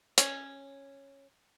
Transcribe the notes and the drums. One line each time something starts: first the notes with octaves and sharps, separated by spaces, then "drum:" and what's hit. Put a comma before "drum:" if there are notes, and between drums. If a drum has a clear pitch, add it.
C#4, drum: hi-hat